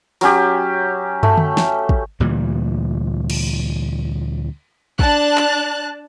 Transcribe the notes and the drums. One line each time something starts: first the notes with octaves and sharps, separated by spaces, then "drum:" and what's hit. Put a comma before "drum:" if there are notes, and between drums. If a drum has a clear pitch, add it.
F#3 C#4 G4, drum: open hi-hat
A3, drum: tom
drum: tom D3
drum: snare
drum: kick
D2 A#2 E3 G3
drum: cymbal
D4 A5 F#6, drum: kick
drum: clap